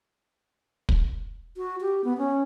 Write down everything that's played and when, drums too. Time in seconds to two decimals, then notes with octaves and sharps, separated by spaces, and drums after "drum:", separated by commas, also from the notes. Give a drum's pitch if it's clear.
0.89 drum: kick
1.57 F#4
1.81 G4
2.05 B3
2.17 C#4